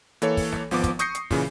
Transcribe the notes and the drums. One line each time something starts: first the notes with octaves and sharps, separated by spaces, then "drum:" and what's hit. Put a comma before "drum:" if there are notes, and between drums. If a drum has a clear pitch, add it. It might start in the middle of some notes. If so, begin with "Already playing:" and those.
E3 A#3 A4 C#5, drum: hi-hat
drum: kick, open hi-hat
drum: snare
G#1 F3 B3 D6, drum: open hi-hat
drum: kick, hi-hat
C#6 D#6 G6 A#6 C7 C#7, drum: hi-hat
drum: hi-hat
A#2 C#3 E3, drum: kick, open hi-hat